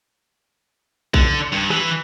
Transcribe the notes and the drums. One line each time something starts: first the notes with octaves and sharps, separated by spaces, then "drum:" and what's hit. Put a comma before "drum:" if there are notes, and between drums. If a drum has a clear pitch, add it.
D3, drum: kick A#1
G2
E3, drum: rim click